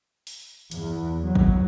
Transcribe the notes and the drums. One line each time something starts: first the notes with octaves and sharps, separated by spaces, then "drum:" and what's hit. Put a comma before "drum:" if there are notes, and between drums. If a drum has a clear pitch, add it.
drum: open hi-hat
E2, drum: hi-hat
F#3
drum: kick